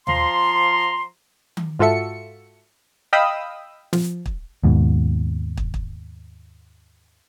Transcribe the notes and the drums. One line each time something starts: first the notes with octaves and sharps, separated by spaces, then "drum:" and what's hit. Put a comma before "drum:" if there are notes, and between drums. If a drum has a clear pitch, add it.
F3 A#5 C6, drum: tom D#2
drum: tom D#3
G#2 F4 F#4 A4 E5 C#7
D#5 F5 G5 B5 D#6 E6
F3, drum: snare
drum: kick
D#2 G#2 B2
drum: kick
drum: kick